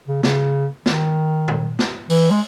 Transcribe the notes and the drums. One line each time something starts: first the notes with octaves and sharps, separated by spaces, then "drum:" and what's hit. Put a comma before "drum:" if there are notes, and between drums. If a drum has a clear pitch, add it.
C#3
C#3, drum: snare
D#3, drum: snare
drum: tom A#2
drum: snare
E3, drum: open hi-hat
G#3